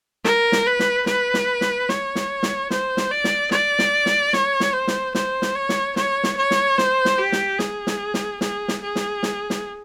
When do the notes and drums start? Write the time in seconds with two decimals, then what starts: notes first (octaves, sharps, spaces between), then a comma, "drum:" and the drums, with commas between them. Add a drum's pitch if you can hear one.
0.24 A#4, drum: snare
0.52 drum: snare
0.66 B4
0.79 drum: snare
1.06 B4, drum: snare
1.34 drum: snare
1.61 drum: snare
1.89 C#5, drum: snare
2.15 drum: snare
2.43 drum: snare
2.70 C5, drum: snare
2.97 drum: snare
3.11 D5
3.24 drum: snare
3.51 D5, drum: snare
3.79 drum: snare
4.06 drum: snare
4.33 C#5, drum: snare
4.60 drum: snare
4.73 C5
4.88 drum: snare
5.15 C5, drum: snare
5.42 drum: snare
5.55 C#5
5.69 drum: snare
5.96 C#5, drum: snare
6.24 drum: snare
6.37 C#5
6.51 drum: snare
6.78 C5, drum: snare
7.05 drum: snare
7.19 G4
7.32 drum: snare
7.59 G#4, drum: snare
7.87 drum: snare
8.14 drum: snare
8.41 G#4, drum: snare
8.68 drum: snare
8.82 G#4
8.96 drum: snare
9.23 drum: snare
9.50 drum: snare